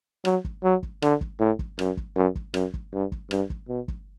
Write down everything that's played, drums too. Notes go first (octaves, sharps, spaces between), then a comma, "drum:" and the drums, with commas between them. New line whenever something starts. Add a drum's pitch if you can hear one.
F#3, drum: rim click
drum: kick
F#3
drum: kick
D3, drum: rim click
drum: kick
A2
drum: kick
F#2, drum: rim click
drum: kick
F#2
drum: kick
F#2, drum: rim click
drum: kick
G2
drum: kick
G2, drum: rim click
drum: kick
B2
drum: kick